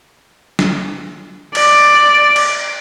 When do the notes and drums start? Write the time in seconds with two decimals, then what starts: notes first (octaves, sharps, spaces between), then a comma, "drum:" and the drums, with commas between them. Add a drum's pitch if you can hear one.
0.59 drum: snare
1.55 D5, drum: cymbal
2.36 drum: cymbal